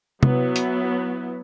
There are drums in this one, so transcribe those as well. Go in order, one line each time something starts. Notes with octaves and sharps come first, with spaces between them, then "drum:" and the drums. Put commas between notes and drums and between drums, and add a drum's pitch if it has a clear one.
F#3 B3 E4, drum: tom C3
drum: hi-hat